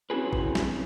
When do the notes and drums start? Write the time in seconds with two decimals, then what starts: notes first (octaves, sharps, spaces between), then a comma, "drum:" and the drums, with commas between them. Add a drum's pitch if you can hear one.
0.10 C4 C#4 E4 F#4 G#4 B4
0.33 drum: kick A1
0.55 drum: snare